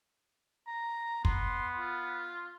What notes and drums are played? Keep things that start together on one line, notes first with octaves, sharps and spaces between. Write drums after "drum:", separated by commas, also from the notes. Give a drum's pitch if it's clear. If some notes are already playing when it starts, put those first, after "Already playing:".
A#5
B3 C6, drum: kick
F4